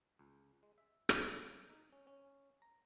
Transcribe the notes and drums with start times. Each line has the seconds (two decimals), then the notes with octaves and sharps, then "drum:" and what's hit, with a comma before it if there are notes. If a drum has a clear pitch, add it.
0.19 C#2
0.63 G#3
0.78 E5
1.09 drum: rim click
1.23 B1
1.43 C#3
1.69 D#4
1.92 C#4
2.07 C#4
2.62 A#5